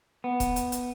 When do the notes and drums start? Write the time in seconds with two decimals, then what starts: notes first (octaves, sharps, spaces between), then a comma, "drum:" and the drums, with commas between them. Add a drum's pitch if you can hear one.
0.24 B3
0.40 drum: kick, hi-hat
0.56 drum: hi-hat
0.72 drum: hi-hat